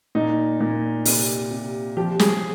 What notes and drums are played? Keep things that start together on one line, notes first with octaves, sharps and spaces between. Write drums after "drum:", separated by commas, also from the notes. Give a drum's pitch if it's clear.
A#2 D#4
A#2
C3, drum: open hi-hat
C3
F3 G4
G#4, drum: snare